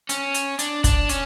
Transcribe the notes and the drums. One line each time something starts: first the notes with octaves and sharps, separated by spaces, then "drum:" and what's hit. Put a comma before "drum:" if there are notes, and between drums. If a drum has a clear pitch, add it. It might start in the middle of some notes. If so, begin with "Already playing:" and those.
C#4, drum: hi-hat
drum: hi-hat
D4, drum: hi-hat
D4, drum: kick, hi-hat
C#4, drum: hi-hat